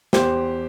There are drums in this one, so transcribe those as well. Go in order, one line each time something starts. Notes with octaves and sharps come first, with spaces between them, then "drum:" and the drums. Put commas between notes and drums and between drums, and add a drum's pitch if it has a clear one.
E2 G4 C5, drum: snare